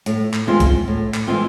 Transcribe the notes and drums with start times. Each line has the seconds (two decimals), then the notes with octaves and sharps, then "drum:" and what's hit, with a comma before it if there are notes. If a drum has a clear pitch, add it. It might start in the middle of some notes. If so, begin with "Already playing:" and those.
0.06 A2, drum: hi-hat
0.33 drum: clap
0.47 E3 G#3 C4 F4
0.60 drum: kick B1, hi-hat
0.88 A2
1.14 drum: clap
1.27 E3 G#3 C4 F4